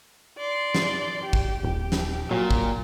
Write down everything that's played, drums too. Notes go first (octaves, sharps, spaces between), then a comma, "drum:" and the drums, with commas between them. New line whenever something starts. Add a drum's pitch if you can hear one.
D5 C6
drum: snare
G4
drum: kick
D#1 G4
drum: snare
A#2 F#3
drum: kick